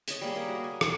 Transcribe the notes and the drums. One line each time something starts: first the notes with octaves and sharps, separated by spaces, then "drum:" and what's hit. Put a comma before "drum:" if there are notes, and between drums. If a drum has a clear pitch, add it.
C#5 D#5, drum: hi-hat
G3 A#3 G#4
A#3
F#4
G#5
D5 F5, drum: rim click